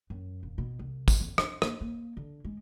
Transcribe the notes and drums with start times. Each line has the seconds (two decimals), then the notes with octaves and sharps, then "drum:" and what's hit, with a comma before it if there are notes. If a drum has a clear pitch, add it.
0.10 F#2
0.43 E1
0.58 B2
0.79 C2
1.08 drum: kick, tambourine
1.20 F2
1.38 F#2, drum: rim click
1.62 A#3, drum: rim click
1.81 A#3
2.17 D3
2.45 G#3